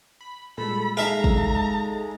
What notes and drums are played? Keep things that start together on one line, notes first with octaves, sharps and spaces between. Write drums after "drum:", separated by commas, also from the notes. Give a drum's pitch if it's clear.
B5
A#2 G3 G#3 A4 B5
G#3 D#4 G#4 A4 E5 F5 A#5
drum: kick